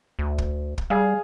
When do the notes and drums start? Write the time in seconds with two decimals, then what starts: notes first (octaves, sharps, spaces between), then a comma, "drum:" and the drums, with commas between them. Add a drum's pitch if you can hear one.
0.19 D2
0.38 drum: kick
0.78 drum: kick
0.90 G3 G#4 F5